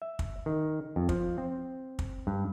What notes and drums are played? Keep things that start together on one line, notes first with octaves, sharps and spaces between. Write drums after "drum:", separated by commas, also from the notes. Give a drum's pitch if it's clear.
E5
drum: kick
D#3
F2
F3, drum: kick
C4
drum: kick
G2